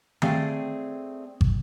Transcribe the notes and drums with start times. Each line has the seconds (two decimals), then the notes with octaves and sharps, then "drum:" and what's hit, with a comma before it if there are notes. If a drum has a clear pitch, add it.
0.22 A3 C4 G#4 A4 D5 F5, drum: tom D#3
1.41 drum: kick